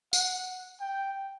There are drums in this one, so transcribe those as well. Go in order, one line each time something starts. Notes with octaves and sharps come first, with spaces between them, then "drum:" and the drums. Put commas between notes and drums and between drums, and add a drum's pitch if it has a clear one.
F#5, drum: tambourine
G5